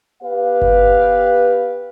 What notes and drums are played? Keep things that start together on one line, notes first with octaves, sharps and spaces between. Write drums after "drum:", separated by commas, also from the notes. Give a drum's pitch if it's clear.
B3 G4 B4 F5
drum: kick G1